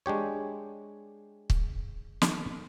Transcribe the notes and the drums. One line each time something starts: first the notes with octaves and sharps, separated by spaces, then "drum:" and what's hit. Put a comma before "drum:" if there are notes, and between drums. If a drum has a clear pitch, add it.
G#3 D4 G4 C#5
drum: kick
drum: snare